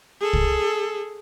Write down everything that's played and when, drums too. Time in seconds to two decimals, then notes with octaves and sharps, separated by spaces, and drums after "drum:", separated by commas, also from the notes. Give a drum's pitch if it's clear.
0.20 G#4 A4
0.33 drum: kick